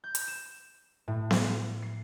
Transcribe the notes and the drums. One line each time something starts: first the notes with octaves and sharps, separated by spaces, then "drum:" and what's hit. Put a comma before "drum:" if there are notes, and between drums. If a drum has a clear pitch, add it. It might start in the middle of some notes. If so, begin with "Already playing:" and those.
G6
drum: hi-hat
E7
A2
drum: snare B3
C7